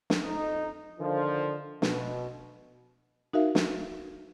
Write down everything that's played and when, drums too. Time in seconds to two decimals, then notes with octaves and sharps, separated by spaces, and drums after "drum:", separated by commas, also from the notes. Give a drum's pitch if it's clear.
0.10 drum: snare
0.23 F2 D#4
1.00 D3 D#3 F3
1.82 B2, drum: snare
3.33 D#4 F#4 A#4 E5 F5
3.55 drum: snare